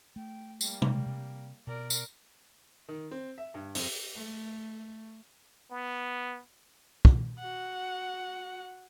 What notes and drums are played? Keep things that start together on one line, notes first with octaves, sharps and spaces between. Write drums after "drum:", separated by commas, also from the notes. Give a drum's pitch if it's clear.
A3 G5
G3 A#3, drum: tambourine
drum: tom C3
C3
B2 A#4 D5
drum: tambourine
D#3
C4
E5
G2
F2, drum: open hi-hat
A3
B3
drum: kick
F#4 F#5